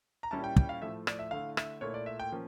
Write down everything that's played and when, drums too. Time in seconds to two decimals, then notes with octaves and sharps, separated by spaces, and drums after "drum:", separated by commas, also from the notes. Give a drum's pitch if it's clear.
0.23 A#5
0.31 A#2 G3 C#4 E4 A5
0.44 G5
0.56 G5, drum: kick
0.69 F5
0.82 A2 F3 A3 E5
1.07 D5, drum: rim click
1.19 E5
1.31 D3 A3 E4 F5
1.57 E5, drum: rim click
1.81 A#2 A3 E4 C#5
1.94 D5
2.06 E5
2.20 G5
2.32 F3 A#3 C#4